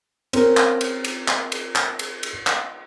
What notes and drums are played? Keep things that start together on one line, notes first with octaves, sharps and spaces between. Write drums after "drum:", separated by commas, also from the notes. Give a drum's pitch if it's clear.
C4 C#4 A#4, drum: cymbal
drum: clap
drum: cymbal
drum: cymbal
drum: clap
drum: cymbal
drum: clap
drum: cymbal
drum: cymbal
drum: clap